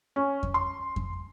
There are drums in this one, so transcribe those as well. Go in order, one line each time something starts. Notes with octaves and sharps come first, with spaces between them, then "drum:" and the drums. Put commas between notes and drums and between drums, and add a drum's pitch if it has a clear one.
C#4
drum: kick F2
C6
drum: kick F2